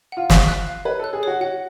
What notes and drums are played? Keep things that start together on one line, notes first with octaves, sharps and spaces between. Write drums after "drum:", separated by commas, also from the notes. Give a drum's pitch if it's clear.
F4 F#5
F5, drum: snare
F#6
F5
B4 C#5
A4 F#6
G#4
F#4 C#5
F#4 F#5